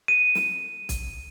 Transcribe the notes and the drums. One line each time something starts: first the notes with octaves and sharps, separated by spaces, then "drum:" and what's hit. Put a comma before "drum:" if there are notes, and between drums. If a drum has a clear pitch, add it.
D#7
drum: snare
drum: kick, hi-hat